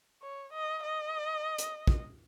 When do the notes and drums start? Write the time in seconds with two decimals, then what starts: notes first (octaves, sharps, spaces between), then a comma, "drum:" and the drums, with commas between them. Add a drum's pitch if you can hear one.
0.22 C#5
0.53 D#5
0.83 D#5
1.58 drum: hi-hat
1.87 drum: kick